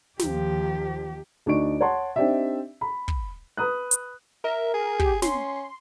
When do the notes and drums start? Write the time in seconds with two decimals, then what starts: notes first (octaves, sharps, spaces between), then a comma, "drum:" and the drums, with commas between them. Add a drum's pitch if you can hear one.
0.19 D#2 D#3 F3 G4, drum: snare
1.46 D2 D4 D#4 C#6 D7
1.80 C#5 F#5 A5 C6
2.16 C4 D4 D#4 G4 D5 E5
2.81 B5
3.08 drum: kick
3.57 B4 B5 D#6 F#6
3.91 drum: hi-hat
4.44 A#4 E5
4.74 G#4
4.99 G4, drum: kick
5.22 C#4 C6, drum: snare